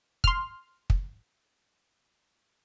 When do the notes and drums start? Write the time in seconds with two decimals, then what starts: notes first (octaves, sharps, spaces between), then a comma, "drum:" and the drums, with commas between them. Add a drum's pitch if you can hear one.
0.24 C6 F6, drum: kick
0.90 drum: kick